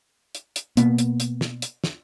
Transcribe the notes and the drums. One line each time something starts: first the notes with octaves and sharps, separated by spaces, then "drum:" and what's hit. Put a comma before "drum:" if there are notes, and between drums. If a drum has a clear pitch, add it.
drum: hi-hat
drum: hi-hat
B2 A#3 B3, drum: hi-hat
drum: hi-hat
drum: hi-hat
drum: snare
drum: hi-hat
drum: snare